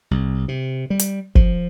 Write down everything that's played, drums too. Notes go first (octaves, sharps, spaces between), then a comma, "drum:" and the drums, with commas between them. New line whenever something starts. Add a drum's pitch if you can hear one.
C2
C3
G3
drum: hi-hat
F3, drum: kick G1